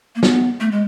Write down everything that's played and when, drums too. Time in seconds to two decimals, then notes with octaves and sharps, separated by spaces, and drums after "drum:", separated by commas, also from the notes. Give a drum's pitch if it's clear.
0.16 A#3
0.23 B3, drum: snare
0.60 A3
0.72 G#3